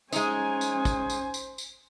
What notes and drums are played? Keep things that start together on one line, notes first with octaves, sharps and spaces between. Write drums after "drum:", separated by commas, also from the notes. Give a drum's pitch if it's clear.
G#3 C#4 D#4 C5 G#5, drum: tambourine
drum: tambourine
drum: kick, tambourine
drum: tambourine
drum: tambourine
drum: tambourine